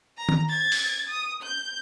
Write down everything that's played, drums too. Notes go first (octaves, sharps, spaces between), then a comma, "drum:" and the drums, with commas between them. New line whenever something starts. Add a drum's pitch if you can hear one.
A#5
drum: tom D#3
G#6 A6
drum: open hi-hat
D#6
G6